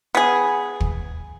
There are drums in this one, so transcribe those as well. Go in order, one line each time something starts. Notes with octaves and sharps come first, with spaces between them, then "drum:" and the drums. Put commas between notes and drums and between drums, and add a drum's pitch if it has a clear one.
B3 G#4
drum: kick